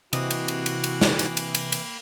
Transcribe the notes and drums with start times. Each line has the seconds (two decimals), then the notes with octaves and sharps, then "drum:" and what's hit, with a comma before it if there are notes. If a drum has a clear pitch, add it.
0.13 C3 E3 A#3 F#4 D#5 G5 B5, drum: cymbal
0.31 drum: cymbal
0.48 drum: cymbal
0.66 drum: cymbal
0.84 drum: cymbal
1.01 drum: snare
1.19 drum: cymbal
1.37 drum: cymbal
1.55 drum: cymbal
1.72 drum: cymbal